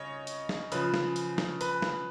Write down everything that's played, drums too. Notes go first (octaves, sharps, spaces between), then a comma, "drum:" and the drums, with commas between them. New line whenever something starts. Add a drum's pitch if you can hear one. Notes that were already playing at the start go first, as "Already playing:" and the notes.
Already playing: C#3 C#5 D#5
drum: hi-hat
drum: snare
C#3 F3 B4, drum: hi-hat
drum: snare
drum: hi-hat
drum: snare
B4, drum: hi-hat
drum: snare